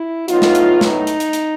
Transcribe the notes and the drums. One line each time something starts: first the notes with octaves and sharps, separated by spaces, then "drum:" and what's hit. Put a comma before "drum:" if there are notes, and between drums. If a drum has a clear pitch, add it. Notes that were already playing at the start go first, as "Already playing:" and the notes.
Already playing: E4
A2 F#3 B3 D#4 F4, drum: hi-hat
drum: snare
drum: hi-hat
D#4, drum: snare
drum: hi-hat
drum: hi-hat
drum: hi-hat